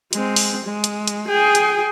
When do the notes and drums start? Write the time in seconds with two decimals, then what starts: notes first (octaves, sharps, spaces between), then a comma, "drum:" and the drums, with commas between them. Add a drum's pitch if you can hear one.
0.13 G#3 C4, drum: hi-hat
0.36 drum: open hi-hat
0.65 G#3
0.84 drum: hi-hat
1.08 drum: hi-hat
1.28 G#4 G5
1.55 drum: hi-hat